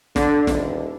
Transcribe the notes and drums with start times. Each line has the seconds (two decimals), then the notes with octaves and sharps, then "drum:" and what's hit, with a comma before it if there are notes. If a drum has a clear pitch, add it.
0.16 D3, drum: snare
0.47 D#1, drum: snare